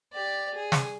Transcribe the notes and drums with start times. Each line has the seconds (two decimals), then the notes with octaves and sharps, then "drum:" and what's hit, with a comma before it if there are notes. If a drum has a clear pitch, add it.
0.13 G4 D5
0.55 G#4
0.72 drum: snare